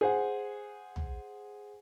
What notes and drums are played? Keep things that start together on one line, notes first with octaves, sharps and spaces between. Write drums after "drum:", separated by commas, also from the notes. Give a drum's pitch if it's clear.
G#4 C5 F#5
drum: tom